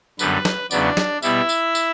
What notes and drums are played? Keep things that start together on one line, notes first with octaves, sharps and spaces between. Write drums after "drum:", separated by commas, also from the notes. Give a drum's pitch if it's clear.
F#2 D3 G3 B3 B4, drum: tambourine
drum: snare
E2 C#3 F#3 B3 D4 D5, drum: tambourine
drum: snare
B2 G3 B3 E4 E5, drum: tambourine
drum: tambourine
drum: tambourine